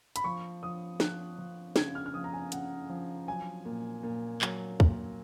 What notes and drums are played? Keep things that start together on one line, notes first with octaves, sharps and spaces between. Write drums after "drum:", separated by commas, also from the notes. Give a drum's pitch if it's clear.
B5, drum: hi-hat
F3 C#6
F3 D#6
F3 F#6, drum: snare
F3
C#3 G#6, drum: snare
F6
F6
F3 D#6
A#5
G#5
C#3 F#5, drum: hi-hat
F3
F#3 G#5
A#2
A#2
F#3, drum: clap
A#2, drum: kick